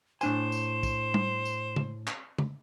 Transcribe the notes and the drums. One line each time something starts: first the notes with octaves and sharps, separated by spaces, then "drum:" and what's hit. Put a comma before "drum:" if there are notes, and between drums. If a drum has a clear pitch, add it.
A2 D4 C5 G#5 E7, drum: tambourine
drum: tambourine
drum: kick, tambourine
drum: tom G3
drum: tambourine
drum: tom C#3
drum: clap
drum: tom C#3